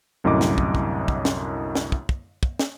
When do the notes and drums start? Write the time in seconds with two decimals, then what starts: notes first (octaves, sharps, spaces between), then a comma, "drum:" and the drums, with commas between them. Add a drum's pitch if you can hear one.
0.24 C2 F#2 A2 D3 D#5 D6
0.41 drum: snare
0.58 drum: kick
0.75 drum: kick
1.08 drum: kick
1.25 drum: snare
1.75 drum: snare
1.92 drum: kick
2.09 drum: kick
2.43 drum: kick
2.59 drum: snare